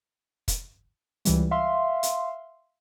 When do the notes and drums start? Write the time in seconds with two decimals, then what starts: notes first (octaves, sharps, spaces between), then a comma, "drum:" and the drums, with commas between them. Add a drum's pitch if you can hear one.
0.48 drum: kick, hi-hat
1.25 C#2 E3 G3, drum: hi-hat
1.51 E5 F5 C6
2.03 drum: hi-hat